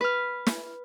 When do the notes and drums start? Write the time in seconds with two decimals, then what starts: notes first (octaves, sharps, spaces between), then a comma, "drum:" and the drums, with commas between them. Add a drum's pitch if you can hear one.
0.01 B4 F6
0.47 drum: snare